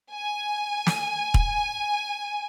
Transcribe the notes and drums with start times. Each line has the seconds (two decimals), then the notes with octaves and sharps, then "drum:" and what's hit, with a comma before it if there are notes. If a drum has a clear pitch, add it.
0.12 G#5
0.87 drum: snare
1.34 drum: kick